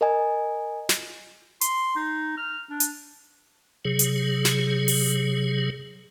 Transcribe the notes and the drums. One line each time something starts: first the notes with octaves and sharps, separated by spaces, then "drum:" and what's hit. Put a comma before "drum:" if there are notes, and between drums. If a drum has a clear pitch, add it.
A#4 D#5 G#5
drum: snare
C6, drum: hi-hat
D#4
F6
D4
drum: hi-hat
C3 F#3 G#4
drum: hi-hat
drum: snare
drum: open hi-hat